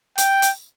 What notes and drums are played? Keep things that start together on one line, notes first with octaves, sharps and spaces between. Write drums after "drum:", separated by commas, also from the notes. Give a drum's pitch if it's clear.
G5, drum: hi-hat
drum: hi-hat